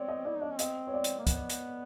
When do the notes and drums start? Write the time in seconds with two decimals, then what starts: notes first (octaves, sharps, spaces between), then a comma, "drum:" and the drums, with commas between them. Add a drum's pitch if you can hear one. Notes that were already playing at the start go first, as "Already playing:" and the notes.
Already playing: C4 C#5 D5
0.08 D#5
0.25 E4 D5
0.35 D#4
0.42 D4 D#5
0.51 C#4
0.59 C4 D#5, drum: hi-hat
0.87 C#5
0.94 D5
1.04 drum: hi-hat
1.19 A#3
1.27 B3, drum: kick, hi-hat
1.50 drum: hi-hat